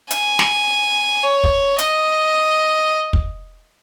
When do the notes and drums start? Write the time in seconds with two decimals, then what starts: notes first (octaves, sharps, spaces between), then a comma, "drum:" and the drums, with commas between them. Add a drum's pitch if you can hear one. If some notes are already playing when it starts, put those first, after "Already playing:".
0.11 G#5, drum: hi-hat
0.39 drum: snare
1.23 C#5
1.44 drum: kick
1.78 D#5, drum: hi-hat
3.13 drum: kick